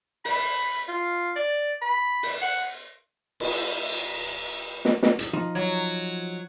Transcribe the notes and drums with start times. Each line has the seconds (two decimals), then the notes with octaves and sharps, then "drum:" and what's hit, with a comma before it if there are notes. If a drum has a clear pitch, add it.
0.25 B5, drum: open hi-hat
0.88 F4
1.36 D5
1.82 B5
2.23 drum: open hi-hat
2.41 F#5
3.40 drum: cymbal
4.85 drum: snare
5.03 drum: snare
5.19 drum: hi-hat
5.33 F3 D#4
5.55 F#3